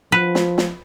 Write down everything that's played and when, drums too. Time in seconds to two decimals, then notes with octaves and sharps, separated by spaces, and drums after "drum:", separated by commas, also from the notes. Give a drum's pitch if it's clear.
0.12 F3 B4
0.35 drum: snare
0.58 drum: snare